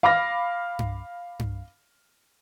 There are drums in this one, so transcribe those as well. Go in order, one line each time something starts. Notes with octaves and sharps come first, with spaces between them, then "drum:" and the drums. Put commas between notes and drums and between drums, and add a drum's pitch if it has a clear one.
F5 B5 D6 F6 A#6
drum: tom G2
drum: tom G2